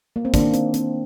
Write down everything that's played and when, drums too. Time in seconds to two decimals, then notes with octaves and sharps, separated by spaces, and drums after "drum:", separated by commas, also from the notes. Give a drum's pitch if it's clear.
0.16 A#3
0.25 C4
0.34 D#3 A#3 D4, drum: kick, hi-hat
0.54 C4, drum: hi-hat
0.74 C4, drum: hi-hat